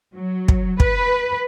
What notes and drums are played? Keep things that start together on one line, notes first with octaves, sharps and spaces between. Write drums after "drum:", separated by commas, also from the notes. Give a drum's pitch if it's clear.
F#3
drum: kick
B4, drum: kick